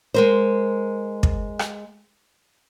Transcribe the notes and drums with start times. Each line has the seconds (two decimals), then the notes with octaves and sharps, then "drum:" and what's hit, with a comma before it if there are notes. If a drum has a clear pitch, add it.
0.14 G#3 A#4 C5
1.23 drum: kick
1.59 drum: rim click